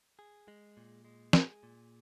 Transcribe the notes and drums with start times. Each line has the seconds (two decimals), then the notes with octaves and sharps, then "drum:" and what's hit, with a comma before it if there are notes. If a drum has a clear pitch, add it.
0.19 G#4
0.48 G#3
0.77 A#2
1.05 G#3
1.33 G#4, drum: snare
1.63 A#2